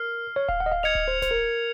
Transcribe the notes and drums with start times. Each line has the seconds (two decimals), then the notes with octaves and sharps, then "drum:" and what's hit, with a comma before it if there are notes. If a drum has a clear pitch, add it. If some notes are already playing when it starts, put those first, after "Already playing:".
Already playing: A#4 F6 C7
0.36 C#5
0.49 F5, drum: kick D1
0.60 F#5
0.66 D#5
0.72 F5
0.83 D#5 G#6 C#7 F7
0.95 drum: kick D1
1.08 C5
1.22 C5, drum: snare G1
1.31 A#4